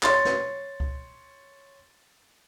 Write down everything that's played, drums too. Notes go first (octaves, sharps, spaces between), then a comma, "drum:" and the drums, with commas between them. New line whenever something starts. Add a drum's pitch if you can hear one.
C#5 C6 A6, drum: clap
drum: snare
drum: kick C#2